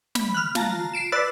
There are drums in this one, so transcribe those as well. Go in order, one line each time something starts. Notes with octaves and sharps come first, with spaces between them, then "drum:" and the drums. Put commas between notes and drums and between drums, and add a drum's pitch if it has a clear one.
B5, drum: snare
F6 F#6
F4 A5 A#5, drum: snare
C7 D7 E7
B4 D5 E6 F#6 A6